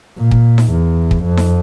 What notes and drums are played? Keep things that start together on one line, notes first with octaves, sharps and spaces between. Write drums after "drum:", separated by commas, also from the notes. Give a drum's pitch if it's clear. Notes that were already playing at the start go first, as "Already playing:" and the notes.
A#2
drum: kick
drum: snare D#4
E2
drum: kick
F2
drum: snare D#4